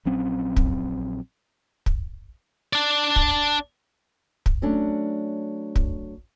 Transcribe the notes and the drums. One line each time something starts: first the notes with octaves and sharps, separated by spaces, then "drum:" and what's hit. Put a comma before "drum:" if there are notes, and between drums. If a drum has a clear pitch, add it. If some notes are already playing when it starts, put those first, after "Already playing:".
A#1 F#3 C4 C#4
drum: kick
drum: kick
D4 D5
drum: kick
drum: kick
F#3 A3 C#4 D4
drum: kick